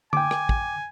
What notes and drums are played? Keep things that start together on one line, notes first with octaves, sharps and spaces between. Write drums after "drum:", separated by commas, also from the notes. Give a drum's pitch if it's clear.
G5 G#5 D6, drum: tom D3
drum: rim click
drum: kick